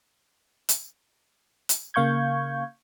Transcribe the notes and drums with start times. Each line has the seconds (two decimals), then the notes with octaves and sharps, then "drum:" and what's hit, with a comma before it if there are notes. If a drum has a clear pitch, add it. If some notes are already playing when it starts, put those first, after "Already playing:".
0.69 drum: hi-hat
1.69 drum: hi-hat
1.94 C#3 A#3 F5 C#6 G6 G#6